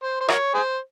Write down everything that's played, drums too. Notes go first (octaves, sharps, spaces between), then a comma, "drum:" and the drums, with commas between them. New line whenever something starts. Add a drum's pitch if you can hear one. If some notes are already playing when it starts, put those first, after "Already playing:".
C5
C5
F#4 A#4 C#5, drum: rim click
G#4 C5